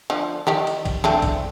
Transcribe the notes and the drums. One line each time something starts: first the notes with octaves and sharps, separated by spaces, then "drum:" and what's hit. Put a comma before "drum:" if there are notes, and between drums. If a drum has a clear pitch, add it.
D3 F3
D#3 G4 D5, drum: snare
drum: cymbal
drum: kick, cymbal
A3 C4 D4, drum: snare
drum: kick, cymbal